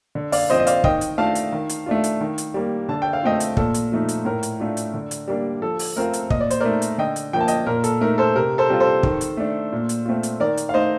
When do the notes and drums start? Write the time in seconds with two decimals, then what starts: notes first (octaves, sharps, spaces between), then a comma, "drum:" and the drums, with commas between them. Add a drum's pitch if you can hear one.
0.15 D3
0.32 D5 F5, drum: open hi-hat
0.50 F3 C4 C5 D#5
0.60 D#5
0.67 D5 F5, drum: hi-hat
0.84 D#3 D#5 G5, drum: kick
1.01 drum: hi-hat
1.18 A3 D4 F4 F5 A5
1.35 drum: hi-hat
1.52 D#3
1.69 drum: hi-hat
1.86 A3 D4 F4
2.04 drum: hi-hat
2.21 D#3
2.38 drum: hi-hat
2.54 G3 A#3
2.89 D3 A5
3.02 G5
3.13 F5
3.23 A3 C4 F4 D#5 G5
3.40 drum: hi-hat
3.57 A#2 A4, drum: kick
3.74 drum: hi-hat
3.92 F3 A3 D#4
4.09 drum: hi-hat
4.25 A2 A#4
4.43 drum: hi-hat
4.60 A3 D4 F4
4.77 drum: hi-hat
4.94 D3
5.11 drum: hi-hat
5.28 G3 A#3 D4
5.62 F3 A4
5.79 drum: open hi-hat
5.96 A3 C4 F4 A#4
6.13 drum: hi-hat
6.30 A#2 D#5, drum: kick
6.41 D5
6.50 C5, drum: hi-hat
6.60 A3 D#4 A#4 D5
6.82 drum: hi-hat
6.98 D3 D#5 G5
7.16 drum: hi-hat
7.33 F3 A#3 G5
7.41 A5
7.48 D#5 G5, drum: hi-hat
7.67 A#2 A#4
7.84 A4, drum: hi-hat
8.01 A3 D#4 A#4
8.18 A4 C5
8.35 C3 A#4
8.58 A4 C5
8.69 G3 C4 F4
8.80 A4 C5
9.03 D#3, drum: kick
9.21 drum: hi-hat
9.37 A3 D4
9.72 A#2
9.89 drum: hi-hat
10.06 A3 C4 F4
10.23 drum: hi-hat
10.40 D#3 A#4 D5
10.57 drum: hi-hat
10.69 F5
10.74 A3 D#4 C5 D#5